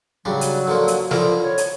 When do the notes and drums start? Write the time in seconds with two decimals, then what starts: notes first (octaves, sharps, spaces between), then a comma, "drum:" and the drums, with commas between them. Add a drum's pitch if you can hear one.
0.25 C#3 F#3 G3 D4
0.41 drum: hi-hat
0.67 D3 F3 A#3
0.88 drum: hi-hat
1.11 D3 F3 E4 A#4, drum: snare
1.42 C#5
1.58 drum: hi-hat